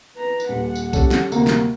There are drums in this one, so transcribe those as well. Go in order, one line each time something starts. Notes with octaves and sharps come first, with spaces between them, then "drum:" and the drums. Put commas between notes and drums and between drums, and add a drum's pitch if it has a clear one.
B4 A#5
drum: tambourine
D#1 F#5
drum: tambourine
C#4 G4 A4, drum: kick, tambourine
drum: snare
D2 C3 A#3, drum: tambourine
drum: snare